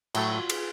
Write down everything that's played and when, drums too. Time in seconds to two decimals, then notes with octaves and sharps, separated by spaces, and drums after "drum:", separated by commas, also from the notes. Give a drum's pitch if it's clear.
0.15 A2 F#3 A3 F#4, drum: cymbal
0.32 F4
0.50 G#4, drum: cymbal